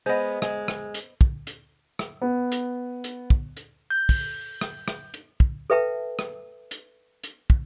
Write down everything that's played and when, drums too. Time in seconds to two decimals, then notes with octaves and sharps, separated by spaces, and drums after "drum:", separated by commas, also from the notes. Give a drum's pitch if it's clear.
0.06 G#3 B3 C5 D#5
0.42 G#3, drum: rim click
0.68 drum: rim click
0.94 drum: hi-hat
1.21 drum: kick
1.47 drum: hi-hat
1.99 drum: rim click
2.22 B3
2.52 drum: hi-hat
3.04 drum: hi-hat
3.30 drum: kick
3.57 drum: hi-hat
3.90 G6
4.09 drum: kick, open hi-hat
4.61 drum: rim click
4.88 drum: rim click
5.14 drum: hi-hat
5.40 drum: kick
5.70 A4 B4 E5 G5 A5
6.19 drum: rim click
6.71 drum: hi-hat
7.24 drum: hi-hat
7.50 drum: kick